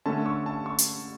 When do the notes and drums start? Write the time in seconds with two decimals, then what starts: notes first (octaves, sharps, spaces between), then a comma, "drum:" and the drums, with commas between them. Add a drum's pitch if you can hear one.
0.06 D3 A3 C#4 A5
0.26 C#6
0.46 A5
0.66 C#6
0.78 drum: hi-hat